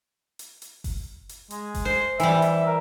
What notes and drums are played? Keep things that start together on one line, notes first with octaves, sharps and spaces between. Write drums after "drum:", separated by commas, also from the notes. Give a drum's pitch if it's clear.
drum: hi-hat
drum: hi-hat
drum: kick F#1, open hi-hat
drum: hi-hat
G#3, drum: hi-hat
drum: kick F#1, open hi-hat
C5
E3 G3 E5, drum: hi-hat
drum: hi-hat
A#4